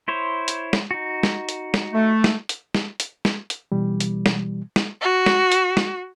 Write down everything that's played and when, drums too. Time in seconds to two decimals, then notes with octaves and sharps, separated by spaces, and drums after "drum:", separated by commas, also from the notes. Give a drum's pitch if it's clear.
0.08 E4 C5 C#5
0.48 drum: hi-hat
0.73 drum: snare
0.91 D#4 F#4
1.23 drum: snare
1.49 drum: hi-hat
1.74 drum: snare
1.93 A3
2.24 drum: snare
2.49 drum: hi-hat
2.75 drum: snare
3.00 drum: hi-hat
3.25 drum: snare
3.50 drum: hi-hat
3.72 B2 E3 G3
4.00 drum: hi-hat
4.26 drum: snare
4.76 drum: snare
5.01 F#4
5.26 drum: snare
5.52 drum: hi-hat
5.77 drum: snare